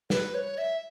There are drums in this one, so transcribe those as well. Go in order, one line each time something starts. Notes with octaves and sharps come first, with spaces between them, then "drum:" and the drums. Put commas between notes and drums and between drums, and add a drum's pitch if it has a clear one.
B4, drum: snare
C#5
E5